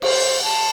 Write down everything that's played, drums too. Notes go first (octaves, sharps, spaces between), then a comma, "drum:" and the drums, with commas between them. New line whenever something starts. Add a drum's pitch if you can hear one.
C5, drum: cymbal
A5